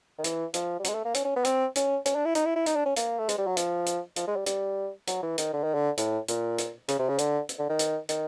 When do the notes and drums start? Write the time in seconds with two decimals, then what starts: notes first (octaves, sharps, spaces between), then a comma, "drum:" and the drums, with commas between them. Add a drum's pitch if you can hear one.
0.18 D#3
0.24 E3, drum: hi-hat
0.54 F3, drum: hi-hat
0.79 G3
0.84 F#3, drum: hi-hat
0.89 G#3
0.94 A3
1.05 A#3
1.14 C#4, drum: hi-hat
1.25 C#4
1.36 B3
1.45 C4, drum: hi-hat
1.75 C#4, drum: hi-hat
2.05 C#4, drum: hi-hat
2.15 D4
2.25 E4
2.35 D#4, drum: hi-hat
2.45 E4
2.56 E4
2.66 D#4, drum: hi-hat
2.75 D4
2.85 C#4
2.96 A#3, drum: hi-hat
3.19 A3
3.29 G#3, drum: hi-hat
3.38 G3
3.47 F#3
3.57 F3, drum: hi-hat
3.86 drum: hi-hat
4.16 F3, drum: hi-hat
4.27 G#3
4.36 G3
4.46 G3, drum: hi-hat
5.07 F#3, drum: hi-hat
5.22 E3
5.38 D#3, drum: hi-hat
5.53 D3
5.63 D#3
5.74 D3
5.97 A2, drum: hi-hat
6.28 A#2, drum: hi-hat
6.58 drum: hi-hat
6.88 C#3, drum: hi-hat
6.99 C3
7.09 C#3
7.18 D3, drum: hi-hat
7.49 drum: hi-hat
7.59 D3
7.69 D#3
7.79 drum: hi-hat
8.09 D#3, drum: hi-hat